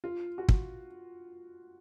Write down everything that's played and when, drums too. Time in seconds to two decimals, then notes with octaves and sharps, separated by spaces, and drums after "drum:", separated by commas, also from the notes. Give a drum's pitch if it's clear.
0.04 F4
0.38 F#4
0.49 drum: kick